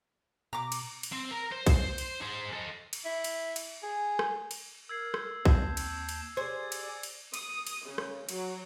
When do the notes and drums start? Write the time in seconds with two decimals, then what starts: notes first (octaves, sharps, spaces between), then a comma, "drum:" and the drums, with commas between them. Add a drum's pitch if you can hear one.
0.53 B2 A#5 D6
0.72 drum: cymbal
1.03 drum: cymbal
1.13 C4
1.31 A#4 A#5
1.52 C5
1.67 drum: kick B1, cymbal
1.98 drum: cymbal
2.22 G#4 C5
2.53 A4 D#5
2.93 drum: cymbal
3.05 E4
3.24 drum: cymbal
3.56 drum: cymbal
3.83 G#4
4.19 drum: rim click
4.51 drum: cymbal
4.89 A#4 E6 G#6 C7
5.14 drum: rim click
5.45 D#2 C4 A5 G6, drum: kick B1
5.77 drum: cymbal
6.09 drum: cymbal
6.37 G4 G#4 C5 D5 G#5 G#6
6.72 drum: cymbal
7.03 drum: cymbal
7.34 D#6, drum: cymbal
7.67 drum: cymbal
7.88 C#3
7.98 drum: rim click
8.29 F#3, drum: cymbal